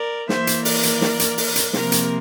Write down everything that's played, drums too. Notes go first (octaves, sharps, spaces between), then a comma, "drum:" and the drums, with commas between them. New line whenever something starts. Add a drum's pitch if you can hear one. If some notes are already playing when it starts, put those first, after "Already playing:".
Already playing: A#4 D5
E3 A#3 C5 E5, drum: snare
drum: hi-hat
A#4 D5, drum: open hi-hat
drum: hi-hat
drum: snare
drum: hi-hat
drum: open hi-hat
drum: hi-hat
C3 F3 A#3 A#4, drum: snare
drum: hi-hat